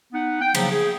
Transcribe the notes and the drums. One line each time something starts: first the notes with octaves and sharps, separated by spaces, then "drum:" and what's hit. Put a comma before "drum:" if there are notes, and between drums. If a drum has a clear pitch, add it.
B3 D#4 F#5
G5
C#3 F3 F#3 A#3, drum: cymbal
G#4